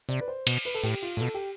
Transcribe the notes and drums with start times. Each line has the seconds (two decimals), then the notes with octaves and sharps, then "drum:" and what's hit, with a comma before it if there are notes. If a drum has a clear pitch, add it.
0.09 C3 D5
0.21 B4
0.28 C5
0.47 B2, drum: cymbal
0.65 B4
0.74 A4
0.84 A2 G4
1.02 F4
1.17 A2
1.21 B2 A4
1.34 G4